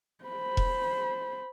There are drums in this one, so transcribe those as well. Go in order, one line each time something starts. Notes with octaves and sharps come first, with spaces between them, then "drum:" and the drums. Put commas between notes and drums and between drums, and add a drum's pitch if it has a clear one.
C5 B5
drum: kick E1